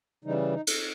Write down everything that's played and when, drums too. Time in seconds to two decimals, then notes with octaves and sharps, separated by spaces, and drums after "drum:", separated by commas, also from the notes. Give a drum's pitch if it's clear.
0.25 C#3 E3 G3 D#4
0.53 D#4
0.67 drum: cymbal